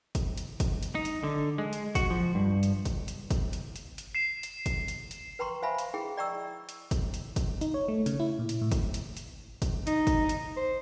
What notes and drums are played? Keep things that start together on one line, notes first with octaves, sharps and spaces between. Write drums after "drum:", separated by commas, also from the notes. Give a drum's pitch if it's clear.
drum: kick, hi-hat
drum: hi-hat
drum: kick, hi-hat
drum: hi-hat
D#4
drum: hi-hat
D3
G#3
drum: hi-hat
F#4, drum: kick, hi-hat
F3
G2
drum: hi-hat
drum: kick, hi-hat
drum: hi-hat
drum: kick, hi-hat
drum: hi-hat
drum: hi-hat
drum: hi-hat
C7 E7
drum: hi-hat
drum: kick, hi-hat
drum: hi-hat
drum: hi-hat
B4 G5 A#5 C6 C#6
C5 E5 F5 G#5 B5
drum: hi-hat
E4 G#4 G5
D5 D#5 G5 A#5 C#6 E6
drum: hi-hat
drum: kick, hi-hat
drum: hi-hat
drum: kick, hi-hat
D#4, drum: hi-hat
C#5
A3
C#3, drum: hi-hat
E4
A#2
drum: hi-hat
A2
drum: kick, hi-hat
drum: hi-hat
drum: hi-hat
drum: kick, hi-hat
D#4, drum: hi-hat
drum: kick, hi-hat
drum: hi-hat
C5